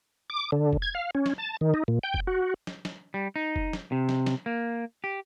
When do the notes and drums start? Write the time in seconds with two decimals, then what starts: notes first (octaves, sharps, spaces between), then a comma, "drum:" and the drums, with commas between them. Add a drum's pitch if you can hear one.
0.30 D6
0.52 D3
0.73 drum: kick F1
0.82 G#6
0.95 F5
1.15 C#4
1.26 drum: snare
1.38 A5
1.61 D#3
1.74 D#4
1.88 A#2
2.03 G5
2.14 drum: kick F1
2.27 F#4
2.67 drum: snare
2.85 drum: snare
3.14 G3
3.36 D#4
3.56 drum: kick F1
3.73 drum: snare
3.92 C3
4.09 drum: snare
4.26 drum: snare
4.46 A#3
5.04 G4